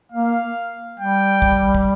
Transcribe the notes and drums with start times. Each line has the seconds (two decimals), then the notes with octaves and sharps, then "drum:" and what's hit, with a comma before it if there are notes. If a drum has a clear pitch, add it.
0.12 A#3 F5
0.99 G3 G5
1.42 drum: kick
1.75 drum: kick